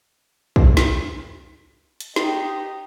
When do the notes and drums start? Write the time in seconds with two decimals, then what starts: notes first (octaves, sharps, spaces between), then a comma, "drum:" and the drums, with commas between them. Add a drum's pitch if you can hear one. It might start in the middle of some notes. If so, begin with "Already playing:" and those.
0.56 drum: kick
0.77 drum: snare
2.00 drum: hi-hat
2.16 D#4 G4, drum: snare